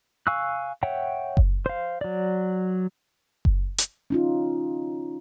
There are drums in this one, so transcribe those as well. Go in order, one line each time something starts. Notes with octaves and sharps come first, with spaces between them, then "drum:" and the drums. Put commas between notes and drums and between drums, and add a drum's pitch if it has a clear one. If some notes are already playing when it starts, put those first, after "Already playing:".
F5 G#5 C#6 E6 F#6
C#5 E5 F#5 G5
drum: kick F#1
C5 F5
F#3 D5
drum: kick F#1
drum: hi-hat
C#4 D#4 F4